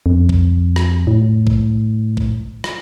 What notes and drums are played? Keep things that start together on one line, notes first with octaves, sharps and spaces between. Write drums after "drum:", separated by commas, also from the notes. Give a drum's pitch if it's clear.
F2
drum: kick
drum: rim click
A2
drum: kick
drum: kick
drum: rim click